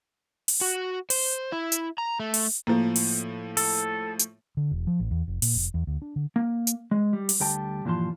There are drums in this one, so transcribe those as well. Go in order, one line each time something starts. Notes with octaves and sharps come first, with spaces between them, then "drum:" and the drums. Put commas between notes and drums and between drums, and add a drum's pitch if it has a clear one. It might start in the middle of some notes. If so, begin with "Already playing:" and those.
drum: open hi-hat
F#4
C5, drum: open hi-hat
E4
drum: hi-hat
A#5
A3
drum: open hi-hat
A2 F3 A#3
drum: open hi-hat
A4, drum: open hi-hat
drum: hi-hat
D3
E1
F3
A1
E2
F1
A#2, drum: open hi-hat
F1
E2
D2
D4
D3
A#3
drum: hi-hat
G#3
G3
drum: open hi-hat
D2 G3 G5 A5
G2 A#2 E3 F3 A5 C6